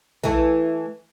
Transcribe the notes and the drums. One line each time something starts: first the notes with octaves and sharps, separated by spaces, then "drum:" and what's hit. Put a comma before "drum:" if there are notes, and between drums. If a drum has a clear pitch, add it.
E3 A3, drum: kick